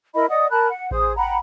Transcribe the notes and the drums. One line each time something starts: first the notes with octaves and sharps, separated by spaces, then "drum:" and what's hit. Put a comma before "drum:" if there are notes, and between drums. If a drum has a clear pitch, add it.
E4 A#4 D#5 B5
D5 D#5 F#5 D#6
A#4 A5 B5 F#6
F#5
G#4 C5 D#6, drum: kick A1
F#5 G5 A#5 B5